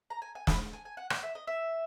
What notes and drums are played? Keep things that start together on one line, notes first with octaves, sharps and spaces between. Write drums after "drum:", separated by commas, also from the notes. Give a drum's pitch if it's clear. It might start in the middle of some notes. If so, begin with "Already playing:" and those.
A#5
G#5
G#5
B5, drum: snare
G#5
G#5
F#5
F#5, drum: rim click
E5
D#5
E5